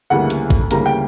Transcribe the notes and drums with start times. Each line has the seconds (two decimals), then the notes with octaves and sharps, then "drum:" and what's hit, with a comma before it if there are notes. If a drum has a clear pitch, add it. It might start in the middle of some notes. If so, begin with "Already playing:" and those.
0.10 D2 C#3 E3 G3 A#3 F#5
0.30 drum: hi-hat
0.50 drum: kick
0.71 D2 C#3 E3 G3 A#3 A#5, drum: hi-hat
0.86 G5